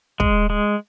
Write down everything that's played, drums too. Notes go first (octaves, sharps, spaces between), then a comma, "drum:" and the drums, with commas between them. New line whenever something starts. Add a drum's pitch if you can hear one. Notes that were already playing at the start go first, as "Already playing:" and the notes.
G#3, drum: kick
G#3